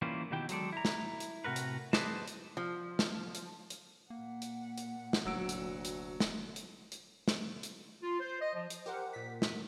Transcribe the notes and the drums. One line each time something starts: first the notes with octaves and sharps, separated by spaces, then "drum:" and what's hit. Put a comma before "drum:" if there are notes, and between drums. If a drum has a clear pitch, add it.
E3 G3 A#3 C#4 E4 F4
B2 D#3 E4 G4 G5
F#3 G#3 A4 D5, drum: hi-hat
E4 A#5
drum: snare
drum: hi-hat
A2 C3 F#4 A#4 B4
drum: hi-hat
G#4 B4 C5 D5 D#5 A5, drum: snare
drum: hi-hat
F3
drum: snare
drum: hi-hat
drum: hi-hat
A#2 A#3 F#5
drum: hi-hat
drum: hi-hat
drum: snare
F1 D2 F#3 E6 D7
drum: hi-hat
drum: hi-hat
drum: snare
drum: hi-hat
drum: hi-hat
drum: snare
drum: hi-hat
F4
C5
D#5
F3
drum: hi-hat
G4 A#4 C5 F#5
A#2 B6
drum: snare